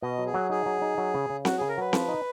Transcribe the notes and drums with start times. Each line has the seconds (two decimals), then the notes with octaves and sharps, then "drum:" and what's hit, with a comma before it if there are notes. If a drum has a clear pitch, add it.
0.02 B2 D#5
0.18 F#3
0.26 G#4
0.34 F#3
0.50 D#4 G#4
0.66 F#3
0.82 D#4
0.98 F#3
1.14 C#3
1.30 C#3
1.45 F#3 F#4, drum: snare C4
1.57 C#3 G#4
1.69 A#4
1.78 F#3 B4
1.93 F3, drum: snare C4
2.09 D#4